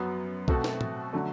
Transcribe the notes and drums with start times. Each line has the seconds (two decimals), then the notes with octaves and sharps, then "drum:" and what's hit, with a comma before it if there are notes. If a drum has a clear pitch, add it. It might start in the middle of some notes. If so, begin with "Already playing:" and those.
Already playing: F#2 F#3 B3
0.48 B2 A3 C4 F#4 A4, drum: kick B1
0.64 drum: snare
0.81 drum: tom
1.13 D3 F#3 A3